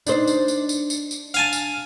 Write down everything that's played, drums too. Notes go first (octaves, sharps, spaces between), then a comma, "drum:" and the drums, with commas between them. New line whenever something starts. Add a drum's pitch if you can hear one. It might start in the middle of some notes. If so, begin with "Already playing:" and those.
D4 D#4 C5, drum: tambourine
drum: tambourine
drum: tambourine
drum: tambourine
drum: tambourine
drum: tambourine
F5 G#5 A5, drum: tambourine
drum: tambourine